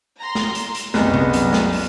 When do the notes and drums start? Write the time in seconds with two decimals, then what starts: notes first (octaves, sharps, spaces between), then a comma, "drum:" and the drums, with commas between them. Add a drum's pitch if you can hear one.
0.20 A#5 C6
0.35 drum: snare
0.55 drum: hi-hat
0.74 drum: hi-hat
0.94 C2 F#2 G#3 B3, drum: snare
1.14 drum: tom C3
1.33 drum: hi-hat
1.53 drum: snare
1.72 drum: open hi-hat